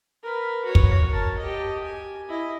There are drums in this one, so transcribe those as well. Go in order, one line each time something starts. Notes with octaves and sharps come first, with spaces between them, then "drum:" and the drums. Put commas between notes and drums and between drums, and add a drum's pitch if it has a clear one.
A#4 B4
F#4 C#5
drum: kick
A#4 A5
G4 D#5
G#5
E4 D#5